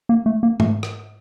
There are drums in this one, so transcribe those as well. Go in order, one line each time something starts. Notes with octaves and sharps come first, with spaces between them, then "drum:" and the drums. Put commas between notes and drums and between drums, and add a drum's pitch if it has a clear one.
A#3
A3
A#3
A3, drum: tom G#2
drum: rim click